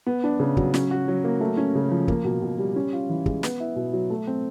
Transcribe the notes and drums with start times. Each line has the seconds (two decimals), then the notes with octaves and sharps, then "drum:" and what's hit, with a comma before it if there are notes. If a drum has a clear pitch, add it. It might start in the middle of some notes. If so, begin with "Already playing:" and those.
0.07 B3
0.24 D4
0.40 C#3
0.57 F#3, drum: kick
0.74 C#4, drum: snare
0.91 F#4
1.08 F#3
1.24 A#3
1.41 A3
1.57 C#4
1.75 C#3
1.92 F3
2.08 A#3, drum: kick
2.25 B2
2.42 B2
2.58 G3
2.76 C#4
2.93 F4
3.10 E3
3.26 G#3, drum: kick
3.43 B3, drum: snare
3.60 E4
3.76 B2
3.93 F#3
4.10 A3
4.27 C4